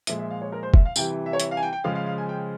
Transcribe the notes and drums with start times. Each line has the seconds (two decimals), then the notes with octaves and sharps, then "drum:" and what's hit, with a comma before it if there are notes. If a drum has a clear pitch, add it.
0.07 A#2 F3 G#3 E5, drum: hi-hat
0.19 E5
0.30 F5
0.42 C#5
0.52 A#4
0.63 C5
0.74 E5, drum: kick
0.85 F5
0.96 C3 E3 G3 G5, drum: tambourine
1.26 E5
1.33 C#5
1.40 E5, drum: hi-hat
1.51 F5
1.57 G#5
1.63 G5
1.73 G5
1.84 C#3 F3 G#3 F5
1.95 F5
2.06 F5
2.18 G#5
2.29 G5